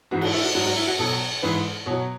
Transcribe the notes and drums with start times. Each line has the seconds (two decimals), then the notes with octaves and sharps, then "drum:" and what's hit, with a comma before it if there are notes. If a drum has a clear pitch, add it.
0.11 G#2 E3 G#3 F#4
0.21 F#4, drum: cymbal
0.33 E4
0.43 F#4
0.55 G#2 F#3 F#4
0.66 F#4
0.76 E4
0.87 F#4
0.98 B2 F#3 A4
1.42 G#2 E3 G#3 B4
1.86 B2 F#3 C#5